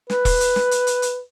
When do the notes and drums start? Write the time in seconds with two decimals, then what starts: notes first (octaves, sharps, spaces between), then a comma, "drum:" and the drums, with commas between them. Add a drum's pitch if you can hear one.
0.10 B4, drum: snare
0.25 drum: kick E1, open hi-hat
0.40 drum: hi-hat
0.56 drum: snare
0.71 drum: hi-hat
0.87 drum: hi-hat
1.02 drum: hi-hat